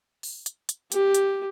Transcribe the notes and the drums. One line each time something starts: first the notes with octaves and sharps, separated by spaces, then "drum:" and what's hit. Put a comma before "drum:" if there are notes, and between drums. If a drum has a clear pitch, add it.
drum: open hi-hat
drum: hi-hat
drum: hi-hat
G4, drum: hi-hat
drum: hi-hat